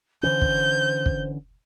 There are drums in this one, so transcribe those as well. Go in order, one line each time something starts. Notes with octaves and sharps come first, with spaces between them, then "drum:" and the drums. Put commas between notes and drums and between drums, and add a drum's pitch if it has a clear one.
D3 E3 C#4 C5 G6
drum: kick
drum: kick